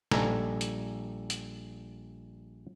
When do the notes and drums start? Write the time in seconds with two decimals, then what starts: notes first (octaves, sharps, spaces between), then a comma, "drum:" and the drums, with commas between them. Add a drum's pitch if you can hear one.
0.11 A#1 G3 A4 G#5 A#5, drum: snare
0.61 drum: hi-hat
1.30 drum: hi-hat